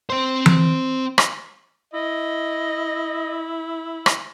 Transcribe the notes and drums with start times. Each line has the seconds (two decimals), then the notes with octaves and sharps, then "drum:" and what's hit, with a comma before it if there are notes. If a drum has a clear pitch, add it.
0.10 C4 C5
0.46 drum: tom E3
1.18 drum: rim click
1.94 E4 D#5
4.06 drum: rim click